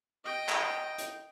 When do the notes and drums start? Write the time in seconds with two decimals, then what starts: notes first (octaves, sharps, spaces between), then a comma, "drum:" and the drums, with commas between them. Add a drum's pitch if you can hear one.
0.24 D#5 G5
0.49 drum: clap
0.98 drum: hi-hat